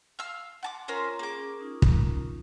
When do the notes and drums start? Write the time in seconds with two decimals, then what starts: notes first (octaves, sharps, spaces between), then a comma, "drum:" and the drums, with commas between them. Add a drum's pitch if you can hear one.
0.19 F5 E6
0.63 F#5 A5 C6 D6
0.88 C#4 F4 A#4 C5 C#5 A#5
1.19 A#3 C#4 G#4 D6
1.59 C#4 D#4 F4
1.82 drum: kick